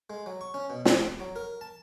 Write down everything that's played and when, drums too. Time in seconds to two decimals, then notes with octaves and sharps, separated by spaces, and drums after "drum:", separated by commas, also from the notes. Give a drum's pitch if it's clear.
0.10 G#3
0.26 F#3
0.41 C#6
0.54 C#4
0.70 B2
0.85 F#5, drum: snare
1.01 D6
1.20 F#3
1.36 A#4
1.61 A5